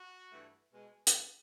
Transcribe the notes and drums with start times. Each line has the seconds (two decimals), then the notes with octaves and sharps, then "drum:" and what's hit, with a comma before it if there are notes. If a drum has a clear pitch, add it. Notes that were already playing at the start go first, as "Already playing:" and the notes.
Already playing: F#4
0.30 G2 E3 A3
0.72 B2 G#3
1.07 drum: hi-hat